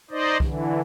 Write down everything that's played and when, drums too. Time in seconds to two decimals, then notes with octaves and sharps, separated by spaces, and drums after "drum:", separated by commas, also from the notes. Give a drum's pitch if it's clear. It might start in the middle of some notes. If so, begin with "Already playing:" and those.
0.11 D#4 C5 D5 D#5
0.40 D3 E3, drum: kick